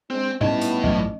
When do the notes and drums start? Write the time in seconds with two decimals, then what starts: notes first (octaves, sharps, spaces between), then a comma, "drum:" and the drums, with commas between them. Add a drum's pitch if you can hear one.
0.10 G#3 C4 D4 C5
0.41 A2 G3 B3 C#4 D#4 E4 D#5 A5, drum: tom A#2
0.61 drum: hi-hat
0.84 A1 G2 F#3 D#5